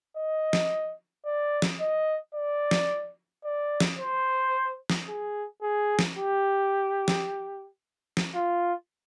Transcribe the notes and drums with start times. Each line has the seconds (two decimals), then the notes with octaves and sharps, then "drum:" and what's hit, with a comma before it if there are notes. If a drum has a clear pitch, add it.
0.17 D#5
0.53 drum: snare
1.26 D5
1.62 drum: snare
1.80 D#5
2.35 D5
2.71 drum: snare
3.44 D5
3.80 drum: snare
3.99 C5
4.90 drum: snare
5.08 G#4
5.62 G#4
5.99 drum: snare
6.17 G4
7.08 drum: snare
8.17 drum: snare
8.35 F4